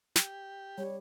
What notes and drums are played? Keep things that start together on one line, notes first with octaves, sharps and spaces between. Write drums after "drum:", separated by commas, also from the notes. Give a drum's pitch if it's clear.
G4, drum: snare
G3 C#5